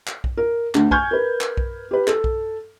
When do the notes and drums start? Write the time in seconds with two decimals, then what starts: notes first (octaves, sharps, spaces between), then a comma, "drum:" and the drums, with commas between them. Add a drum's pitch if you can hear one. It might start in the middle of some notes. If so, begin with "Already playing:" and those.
0.07 drum: clap
0.24 drum: kick B1
0.37 A#4
0.74 D2, drum: clap
0.91 G#5 C#6 F6 G6 G#6, drum: kick B1
1.11 A#4 B4
1.41 drum: clap
1.57 drum: kick B1
1.91 G4 B4
2.07 A4, drum: clap
2.24 drum: kick B1